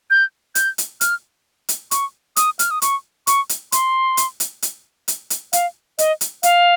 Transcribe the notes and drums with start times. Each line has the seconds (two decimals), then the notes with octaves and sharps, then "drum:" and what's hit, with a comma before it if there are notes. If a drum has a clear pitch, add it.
0.10 G6
0.55 G6, drum: hi-hat
0.78 drum: hi-hat
1.01 F6, drum: hi-hat
1.68 drum: hi-hat
1.91 C#6, drum: hi-hat
2.36 D#6, drum: hi-hat
2.59 F6, drum: hi-hat
2.71 D#6
2.82 C#6, drum: hi-hat
3.27 C#6, drum: hi-hat
3.49 drum: hi-hat
3.72 C6, drum: hi-hat
4.17 drum: hi-hat
4.40 drum: hi-hat
4.62 drum: hi-hat
5.08 drum: hi-hat
5.30 drum: hi-hat
5.53 F5, drum: hi-hat
5.98 D#5, drum: hi-hat
6.21 drum: hi-hat
6.43 F5, drum: hi-hat